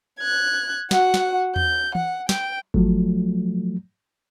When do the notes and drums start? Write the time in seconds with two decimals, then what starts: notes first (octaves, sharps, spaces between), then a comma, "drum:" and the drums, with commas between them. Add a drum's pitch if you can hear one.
0.19 F#6 G#6
0.91 F#4 F#5, drum: snare
1.14 drum: snare
1.56 G6, drum: tom E2
1.95 F#5, drum: tom
2.29 G5, drum: snare
2.74 F3 F#3 A3, drum: kick G1